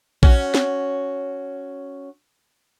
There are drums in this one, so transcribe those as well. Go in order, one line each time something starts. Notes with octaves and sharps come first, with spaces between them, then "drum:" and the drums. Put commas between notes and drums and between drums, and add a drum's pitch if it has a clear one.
C#4 F#4, drum: kick A#1
drum: snare